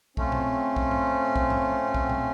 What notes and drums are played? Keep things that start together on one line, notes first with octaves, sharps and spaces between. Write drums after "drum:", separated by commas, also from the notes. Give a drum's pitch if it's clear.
A3 C4 C#4 F4, drum: kick B1
drum: tom A#2
drum: kick B1
drum: tom G#2
drum: kick B1
drum: tom G#2
C4, drum: kick B1
drum: tom A#2